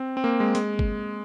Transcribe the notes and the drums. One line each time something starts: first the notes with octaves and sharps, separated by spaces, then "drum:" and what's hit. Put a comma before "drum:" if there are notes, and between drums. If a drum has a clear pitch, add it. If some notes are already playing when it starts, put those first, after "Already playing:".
Already playing: C4
C4
A#3
G#3
G#3, drum: hi-hat
drum: kick G1